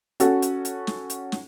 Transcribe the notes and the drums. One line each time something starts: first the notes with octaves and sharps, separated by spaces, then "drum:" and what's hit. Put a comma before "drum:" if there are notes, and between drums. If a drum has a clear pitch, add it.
C#4 F#4 A4, drum: hi-hat
drum: hi-hat
drum: hi-hat
drum: snare
drum: hi-hat
drum: snare